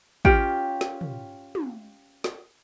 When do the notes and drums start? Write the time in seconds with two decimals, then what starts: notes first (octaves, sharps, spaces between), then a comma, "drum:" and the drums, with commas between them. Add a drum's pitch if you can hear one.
0.25 C#4 F4 G4 G5, drum: kick
0.81 drum: snare
1.01 drum: tom
1.55 drum: tom
2.24 drum: snare